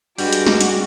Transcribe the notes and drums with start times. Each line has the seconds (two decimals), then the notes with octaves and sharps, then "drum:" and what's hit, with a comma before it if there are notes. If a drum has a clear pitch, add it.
0.18 G2 G3 G#3 F#4 D6, drum: open hi-hat
0.32 drum: hi-hat
0.46 drum: snare
0.61 drum: hi-hat